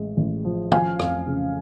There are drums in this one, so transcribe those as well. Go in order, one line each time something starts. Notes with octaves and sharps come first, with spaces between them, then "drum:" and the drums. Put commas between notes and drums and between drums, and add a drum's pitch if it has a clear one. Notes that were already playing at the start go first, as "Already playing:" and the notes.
Already playing: A1 G#3
A1
F3
F3 F5 G#5, drum: tom
F2, drum: rim click
C#3